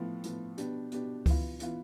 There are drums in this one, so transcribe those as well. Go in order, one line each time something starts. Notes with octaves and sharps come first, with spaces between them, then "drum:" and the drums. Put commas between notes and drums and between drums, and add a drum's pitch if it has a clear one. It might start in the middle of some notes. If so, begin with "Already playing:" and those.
Already playing: A2 F3 B3
A2 F3 B3, drum: hi-hat
B2 B3 D4 G4, drum: hi-hat
B2 B3 D4 G4, drum: hi-hat
E3 B3 F4, drum: kick C#2, open hi-hat
E3 B3 F4, drum: hi-hat